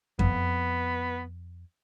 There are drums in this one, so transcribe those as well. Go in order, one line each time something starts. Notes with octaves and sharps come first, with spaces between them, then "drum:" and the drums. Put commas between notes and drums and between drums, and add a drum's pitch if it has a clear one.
F2 B3, drum: kick F#2